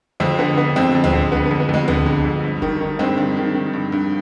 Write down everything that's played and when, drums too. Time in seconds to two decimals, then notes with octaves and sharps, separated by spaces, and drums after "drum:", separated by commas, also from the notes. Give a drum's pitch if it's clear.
0.20 F2 G#3 C4
0.39 D3 B3
0.57 D3 B3
0.76 F2 G#3 C4
0.95 F2
1.04 G#3 C4, drum: tom D2
1.13 D3
1.32 D3 B3
1.46 B3
1.51 F2
1.60 B3
1.69 F2 G#3
1.88 D3 B3, drum: tom D2
2.06 D3
2.25 F2
2.44 G2
2.62 D#3, drum: kick
2.81 D#3
2.99 G2 G#3 C4
3.18 G2
3.37 D#3
3.55 D#3
3.74 G2
3.92 G2